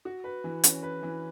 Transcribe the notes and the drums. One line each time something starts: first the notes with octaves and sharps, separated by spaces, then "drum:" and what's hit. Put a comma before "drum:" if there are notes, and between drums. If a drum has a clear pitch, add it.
F#4
B4
E3
C#4, drum: hi-hat
B4
E3